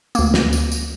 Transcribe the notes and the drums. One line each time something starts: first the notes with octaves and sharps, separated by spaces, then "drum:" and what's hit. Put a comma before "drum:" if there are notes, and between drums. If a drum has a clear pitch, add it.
D2 A#3, drum: tambourine
drum: snare
drum: tambourine
drum: tambourine